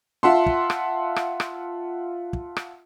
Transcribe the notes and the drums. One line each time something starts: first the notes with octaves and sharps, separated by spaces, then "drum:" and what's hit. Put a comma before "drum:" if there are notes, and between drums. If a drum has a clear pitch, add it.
F4 E5 F#5 A5 C6
drum: kick
drum: rim click
drum: rim click
drum: rim click
drum: kick
drum: rim click